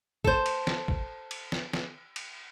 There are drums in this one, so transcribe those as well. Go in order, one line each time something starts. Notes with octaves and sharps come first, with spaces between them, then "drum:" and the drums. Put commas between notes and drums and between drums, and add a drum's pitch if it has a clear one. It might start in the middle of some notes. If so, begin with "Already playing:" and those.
A4 C5, drum: kick
drum: cymbal
drum: snare
drum: kick
drum: cymbal
drum: snare
drum: snare
drum: cymbal